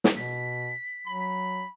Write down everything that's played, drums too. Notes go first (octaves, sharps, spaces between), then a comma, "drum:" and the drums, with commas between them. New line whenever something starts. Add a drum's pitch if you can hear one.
drum: snare
B2 B6
F#3 B5